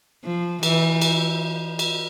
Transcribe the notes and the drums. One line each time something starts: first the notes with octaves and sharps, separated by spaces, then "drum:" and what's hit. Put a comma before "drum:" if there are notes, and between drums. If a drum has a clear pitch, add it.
F3
E3, drum: cymbal
drum: cymbal
drum: cymbal